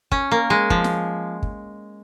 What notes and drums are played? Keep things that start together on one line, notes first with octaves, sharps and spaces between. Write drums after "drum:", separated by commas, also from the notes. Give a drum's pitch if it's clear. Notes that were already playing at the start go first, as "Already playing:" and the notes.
C#4, drum: kick
A#3
G#3
F3, drum: kick
drum: snare
drum: kick